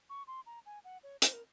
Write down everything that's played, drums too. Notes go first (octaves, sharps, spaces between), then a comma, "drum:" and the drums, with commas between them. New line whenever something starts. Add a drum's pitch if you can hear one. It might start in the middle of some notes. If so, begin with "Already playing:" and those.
C#6
C6
A#5
G#5
F#5
C#5
C5, drum: hi-hat
A#4